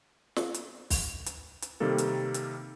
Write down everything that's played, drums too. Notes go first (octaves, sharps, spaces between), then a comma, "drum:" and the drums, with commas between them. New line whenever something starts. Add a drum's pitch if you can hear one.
drum: snare
drum: hi-hat
drum: kick, open hi-hat
drum: hi-hat
drum: hi-hat
C3 D#3 G3 A#3 A4
drum: hi-hat
drum: hi-hat